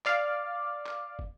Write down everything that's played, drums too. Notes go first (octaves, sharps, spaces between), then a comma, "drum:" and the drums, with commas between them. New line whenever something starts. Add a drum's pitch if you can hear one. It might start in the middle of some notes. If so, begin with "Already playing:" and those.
D5 F5, drum: clap
drum: clap
drum: kick